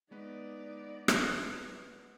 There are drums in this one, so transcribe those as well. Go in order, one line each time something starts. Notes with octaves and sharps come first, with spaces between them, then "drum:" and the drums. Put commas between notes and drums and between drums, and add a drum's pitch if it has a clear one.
G#3 B3 D#4 B4 D5
drum: rim click